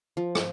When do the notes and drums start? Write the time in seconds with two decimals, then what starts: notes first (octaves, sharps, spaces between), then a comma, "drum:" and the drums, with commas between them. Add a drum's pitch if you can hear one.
0.17 F3
0.35 drum: rim click